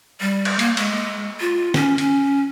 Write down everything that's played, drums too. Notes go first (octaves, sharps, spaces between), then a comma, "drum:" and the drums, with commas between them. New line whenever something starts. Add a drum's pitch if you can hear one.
G3
drum: cymbal
A#3, drum: hi-hat
G#3, drum: cymbal
F4
C#4, drum: snare
C#4, drum: hi-hat